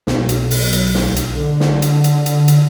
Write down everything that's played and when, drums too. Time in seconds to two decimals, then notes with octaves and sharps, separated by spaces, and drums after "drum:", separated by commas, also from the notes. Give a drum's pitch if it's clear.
0.07 B1, drum: snare
0.29 drum: hi-hat
0.51 drum: open hi-hat
0.73 drum: hi-hat
0.94 drum: snare
1.16 drum: hi-hat
1.34 D3
1.60 drum: snare
1.82 drum: hi-hat
2.04 drum: hi-hat
2.26 drum: hi-hat
2.48 drum: hi-hat